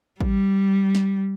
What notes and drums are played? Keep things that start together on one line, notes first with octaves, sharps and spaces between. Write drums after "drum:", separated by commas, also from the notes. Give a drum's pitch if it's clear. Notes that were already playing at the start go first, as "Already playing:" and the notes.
G3, drum: kick A1
drum: snare